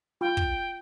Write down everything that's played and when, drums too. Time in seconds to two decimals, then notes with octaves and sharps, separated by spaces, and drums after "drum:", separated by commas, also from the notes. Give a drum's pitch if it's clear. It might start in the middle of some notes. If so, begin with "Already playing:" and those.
0.21 F4 G5
0.37 drum: kick